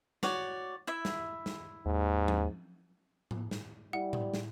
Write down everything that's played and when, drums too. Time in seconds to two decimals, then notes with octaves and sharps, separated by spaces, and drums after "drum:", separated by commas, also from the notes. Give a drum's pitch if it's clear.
0.23 F#4 C#5 D5, drum: snare
0.87 E4 E5
1.05 drum: snare
1.46 drum: snare
1.86 D#2 G#2
2.28 drum: tom F3
3.31 drum: tom G#2
3.51 drum: snare
3.93 G3 E4 F#5
4.13 drum: tom A2
4.34 drum: snare